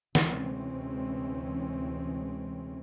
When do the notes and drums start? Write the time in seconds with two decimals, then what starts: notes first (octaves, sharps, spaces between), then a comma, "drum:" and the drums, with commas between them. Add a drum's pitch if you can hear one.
0.15 D2 C3 E3 G#3 C4 C#4, drum: snare